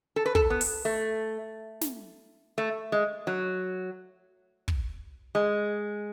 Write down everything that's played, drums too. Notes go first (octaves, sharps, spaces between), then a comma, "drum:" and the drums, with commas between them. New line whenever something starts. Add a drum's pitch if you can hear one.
A4
B4
A4, drum: kick
B3
drum: open hi-hat
A3
drum: snare
A3
G#3
F#3
drum: kick
G#3